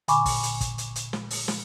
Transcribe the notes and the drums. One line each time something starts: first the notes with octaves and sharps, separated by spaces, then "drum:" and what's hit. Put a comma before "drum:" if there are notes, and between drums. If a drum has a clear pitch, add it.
A#2 D3 G#5 B5 C#6 D6, drum: hi-hat
drum: kick, open hi-hat
drum: hi-hat
drum: kick, hi-hat
drum: hi-hat
drum: hi-hat
drum: snare
drum: open hi-hat
drum: snare